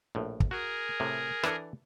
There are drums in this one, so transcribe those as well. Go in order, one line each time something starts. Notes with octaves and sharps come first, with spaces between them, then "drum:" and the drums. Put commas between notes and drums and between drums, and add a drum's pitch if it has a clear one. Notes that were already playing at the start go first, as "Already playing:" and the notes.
A#1 A2
drum: kick
F#4 G#4 A#4
A2 C3
E3 D4 A4, drum: rim click